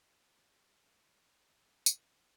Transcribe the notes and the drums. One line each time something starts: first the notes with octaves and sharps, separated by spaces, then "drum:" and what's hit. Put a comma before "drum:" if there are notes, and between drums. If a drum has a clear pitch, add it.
F3 G#3 C4 E4
F#4 G#4
B3 E4 A#4 C5
G#3 C#4 A#4
drum: tambourine